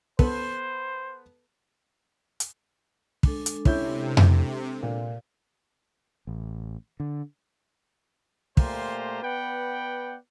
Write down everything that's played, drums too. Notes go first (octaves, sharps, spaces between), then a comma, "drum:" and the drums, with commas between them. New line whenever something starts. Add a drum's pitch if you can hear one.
B3 A4 B4 C5, drum: kick
drum: hi-hat
G#3 D4 A4, drum: kick
drum: hi-hat
C3 C#4 E4 G6, drum: kick
drum: tom F2
A#2
A1
D3
A#2 A3 F4 G4 C5 A#5, drum: kick
B3 B4 D5 F#5 G5